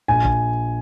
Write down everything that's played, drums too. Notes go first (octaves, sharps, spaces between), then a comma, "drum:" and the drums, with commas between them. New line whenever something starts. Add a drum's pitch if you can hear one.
A#1 G#5
drum: kick A#1